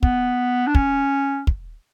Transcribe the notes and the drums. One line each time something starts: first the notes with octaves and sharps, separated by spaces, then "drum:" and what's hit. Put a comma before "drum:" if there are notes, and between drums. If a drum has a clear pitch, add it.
B3, drum: kick
D4
C#4, drum: kick
drum: kick